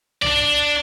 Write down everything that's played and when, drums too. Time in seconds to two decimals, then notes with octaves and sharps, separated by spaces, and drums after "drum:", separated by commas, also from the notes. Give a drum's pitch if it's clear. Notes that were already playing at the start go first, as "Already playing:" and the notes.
0.22 D4 D5, drum: tom B1